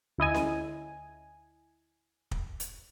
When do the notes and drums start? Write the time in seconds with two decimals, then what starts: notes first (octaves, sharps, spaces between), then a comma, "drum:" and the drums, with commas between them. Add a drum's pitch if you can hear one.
0.18 D2 E4 D#5 G#5
0.34 drum: snare C#4
2.31 drum: kick
2.60 drum: hi-hat